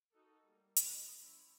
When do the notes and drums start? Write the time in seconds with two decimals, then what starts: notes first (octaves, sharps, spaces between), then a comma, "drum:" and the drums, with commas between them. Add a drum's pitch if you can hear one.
0.11 D#4 F#4 A4 A#4
0.45 G3 A#3
0.76 B4 D#5, drum: hi-hat
1.21 F3 C#4 E4